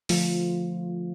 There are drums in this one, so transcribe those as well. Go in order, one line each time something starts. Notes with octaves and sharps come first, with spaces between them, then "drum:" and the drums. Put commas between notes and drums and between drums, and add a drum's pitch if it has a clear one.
D3 F3 A3 F4, drum: open hi-hat